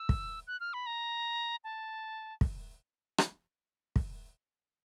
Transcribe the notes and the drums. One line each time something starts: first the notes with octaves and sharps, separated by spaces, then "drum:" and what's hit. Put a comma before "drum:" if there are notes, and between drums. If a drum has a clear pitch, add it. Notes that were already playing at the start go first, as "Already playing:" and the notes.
Already playing: E6
drum: kick
F#6
F6
B5
A#5
A5
drum: kick
drum: rim click
drum: kick